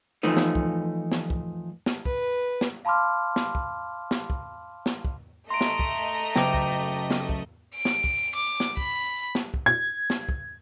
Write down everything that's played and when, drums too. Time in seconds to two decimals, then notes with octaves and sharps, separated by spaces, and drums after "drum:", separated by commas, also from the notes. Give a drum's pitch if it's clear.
0.23 E3 F3 A3 D#4 B4
0.37 drum: snare
0.55 drum: kick
1.12 drum: snare
1.30 drum: kick
1.86 drum: snare
2.06 B4, drum: kick
2.61 drum: snare
2.85 F5 A5 B5 C6 D6 F6
3.36 drum: snare
3.55 drum: kick
4.11 drum: snare
4.30 drum: kick
4.86 drum: snare
5.05 drum: kick
5.50 A3 D#5 A#5 C6 D7
5.61 drum: snare
5.79 drum: kick
6.36 F#1 G5 D6, drum: snare
6.54 drum: kick
7.10 drum: snare
7.29 drum: kick
7.75 D7
7.85 drum: snare
8.04 drum: kick
8.35 D6
8.60 drum: snare
8.77 B5, drum: kick
9.35 drum: snare
9.54 drum: kick
9.66 G#6
10.10 drum: snare
10.29 drum: kick